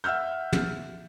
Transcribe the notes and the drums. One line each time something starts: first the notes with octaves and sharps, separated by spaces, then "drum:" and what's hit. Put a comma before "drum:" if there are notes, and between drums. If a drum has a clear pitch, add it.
E5 F#5 E6 F6 G6
drum: tom